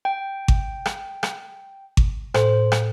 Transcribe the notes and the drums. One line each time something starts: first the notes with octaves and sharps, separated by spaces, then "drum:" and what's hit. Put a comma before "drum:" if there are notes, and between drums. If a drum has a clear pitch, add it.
G5
drum: kick G#1
drum: rim click
drum: rim click
drum: kick G#1
A2 C5, drum: rim click
drum: rim click